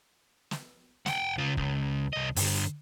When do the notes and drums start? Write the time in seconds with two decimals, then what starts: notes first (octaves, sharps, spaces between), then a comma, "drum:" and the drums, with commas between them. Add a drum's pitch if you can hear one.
0.51 drum: snare
1.06 F#5 G5, drum: snare
1.38 C#3 F4
1.57 C#2, drum: kick
2.13 C2 D#5
2.36 G2 D3, drum: open hi-hat